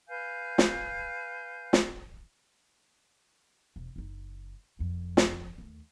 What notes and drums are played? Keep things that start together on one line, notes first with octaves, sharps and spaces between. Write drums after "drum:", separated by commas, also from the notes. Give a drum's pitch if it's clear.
B4 F5 G#5 G6
drum: snare
drum: snare
E1
F#1 D#4
F#1 F2
drum: snare
D#2 A3